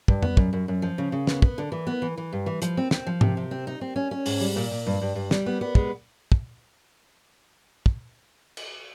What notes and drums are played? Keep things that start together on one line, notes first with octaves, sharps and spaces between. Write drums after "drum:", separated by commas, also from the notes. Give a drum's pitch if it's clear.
G2, drum: kick
B3, drum: tom F2
F#2, drum: kick
F#2
F#2
F3
C#3
C#3
B3, drum: snare
B3, drum: kick
D3
E3
B3
E3
E3
G2
E3
F3, drum: hi-hat
C4
C4, drum: snare
F3
C3, drum: tom G#2
C3
C4
D#4
C4
C#4
C#4
G#2, drum: open hi-hat
G3
A#2
A#2
G2
G2
G2
G3, drum: snare
B3
B3
G#3, drum: kick
drum: kick
drum: kick
drum: cymbal